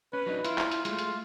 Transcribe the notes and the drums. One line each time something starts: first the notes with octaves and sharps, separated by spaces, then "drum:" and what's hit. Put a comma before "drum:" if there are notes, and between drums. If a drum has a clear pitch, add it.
C#4 B4
F#3 D4 D#4
E4 F4, drum: hi-hat
drum: clap
drum: hi-hat
G#3 A3 F4, drum: hi-hat
drum: hi-hat